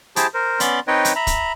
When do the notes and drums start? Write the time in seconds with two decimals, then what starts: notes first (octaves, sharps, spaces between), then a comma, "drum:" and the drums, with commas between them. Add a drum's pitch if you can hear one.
0.16 E4 G4 G#4 C5 A5 D6, drum: hi-hat
0.34 A#4 C5
0.60 B3 C#4 D5 B5 C6 D6, drum: hi-hat
0.87 C4 D#4 B4 C#5 D#5 G5
1.05 drum: hi-hat
1.16 E5 A#5 B5
1.27 drum: kick, hi-hat